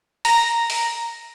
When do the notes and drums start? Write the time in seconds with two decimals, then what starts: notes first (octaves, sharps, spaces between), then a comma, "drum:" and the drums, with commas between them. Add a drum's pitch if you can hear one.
0.25 A#5 A#6, drum: open hi-hat
0.70 drum: open hi-hat